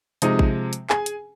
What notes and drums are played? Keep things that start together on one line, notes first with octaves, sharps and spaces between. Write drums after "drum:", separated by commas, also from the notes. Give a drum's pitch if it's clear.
C3 F3 G#3 D#4 D#5, drum: hi-hat
drum: kick A1
drum: hi-hat
G#4 G#5, drum: clap
drum: hi-hat